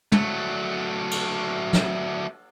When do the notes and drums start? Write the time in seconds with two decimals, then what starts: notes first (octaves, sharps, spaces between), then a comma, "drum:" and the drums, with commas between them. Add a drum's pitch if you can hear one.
0.12 F#3 A3, drum: tom
1.11 drum: cymbal
1.73 drum: snare